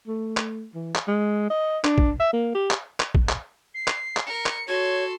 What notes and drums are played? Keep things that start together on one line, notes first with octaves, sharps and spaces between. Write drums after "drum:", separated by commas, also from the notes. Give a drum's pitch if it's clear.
A3
drum: clap
E3
drum: clap
G#3
D#5
D4, drum: clap
drum: kick
E5
A#3
G4
drum: clap
drum: clap
drum: kick
drum: clap
C7
drum: clap
drum: clap
A#4 C#7
drum: clap
F#4 A4 C#5 C6 G#6